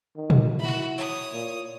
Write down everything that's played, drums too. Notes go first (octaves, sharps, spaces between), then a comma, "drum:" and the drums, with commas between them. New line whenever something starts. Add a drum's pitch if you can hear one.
D#3
drum: tom A#2
E4 F#4 B5
C#5 D#6
A#2